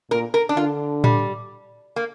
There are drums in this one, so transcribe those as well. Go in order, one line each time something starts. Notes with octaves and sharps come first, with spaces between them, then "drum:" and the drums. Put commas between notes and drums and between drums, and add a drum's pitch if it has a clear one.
A#2 A#4
A#4
D4
D3 F4
G3, drum: tom A2
A#3